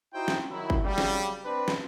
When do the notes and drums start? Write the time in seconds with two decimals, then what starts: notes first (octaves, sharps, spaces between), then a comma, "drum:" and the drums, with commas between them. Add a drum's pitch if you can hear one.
0.14 D#4 E4 F#4 C5 G5
0.28 drum: snare
0.51 D#3 F#3 E4
0.70 drum: kick G1
0.84 C#3 F#3 G3
0.98 drum: snare
1.45 C4 D4 B4
1.68 drum: snare